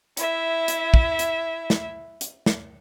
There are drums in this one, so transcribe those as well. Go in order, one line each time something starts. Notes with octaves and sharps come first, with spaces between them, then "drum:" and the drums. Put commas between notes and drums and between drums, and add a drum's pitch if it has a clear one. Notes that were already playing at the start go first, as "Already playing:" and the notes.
E4 E5, drum: hi-hat
drum: hi-hat
drum: kick
drum: hi-hat
drum: snare
drum: hi-hat
drum: snare